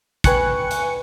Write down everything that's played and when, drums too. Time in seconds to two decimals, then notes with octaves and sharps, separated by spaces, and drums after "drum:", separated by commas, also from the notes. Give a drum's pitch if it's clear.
0.24 B4 G5 G#5 C#6 F#6 C#7, drum: kick, hi-hat
0.71 drum: hi-hat